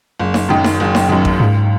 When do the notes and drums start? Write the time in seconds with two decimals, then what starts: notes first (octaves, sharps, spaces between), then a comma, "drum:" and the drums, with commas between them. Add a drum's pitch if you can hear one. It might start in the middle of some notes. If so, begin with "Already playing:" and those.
0.20 F#1
0.34 drum: snare D#4
0.49 F#2 D#3
0.64 drum: snare D#4
0.80 F#1
0.95 drum: snare D#4
1.09 F#2 D#3
1.25 drum: kick A1
1.39 C#2 G#2